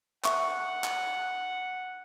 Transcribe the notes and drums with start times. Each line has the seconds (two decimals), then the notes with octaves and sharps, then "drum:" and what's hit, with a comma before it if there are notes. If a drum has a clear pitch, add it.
0.24 E5 F#5 C#6, drum: clap
0.84 drum: clap